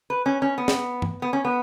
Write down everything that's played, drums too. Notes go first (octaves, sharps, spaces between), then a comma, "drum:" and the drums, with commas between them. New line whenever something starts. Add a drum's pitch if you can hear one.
B4
C#4
C#4
B3
drum: snare
drum: tom G2
B3
C#4
B3